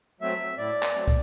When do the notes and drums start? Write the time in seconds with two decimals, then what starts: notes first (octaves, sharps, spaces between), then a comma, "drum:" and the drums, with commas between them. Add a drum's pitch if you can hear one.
0.21 F#3 A3 C4 E5
0.57 A2 D5
0.83 drum: clap
0.95 F#3 A3 C4
1.08 drum: kick, hi-hat